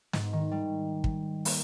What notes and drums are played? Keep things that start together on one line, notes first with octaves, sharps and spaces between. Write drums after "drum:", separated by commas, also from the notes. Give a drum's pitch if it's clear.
G#2, drum: snare
D#3
G3
drum: kick
A#3, drum: open hi-hat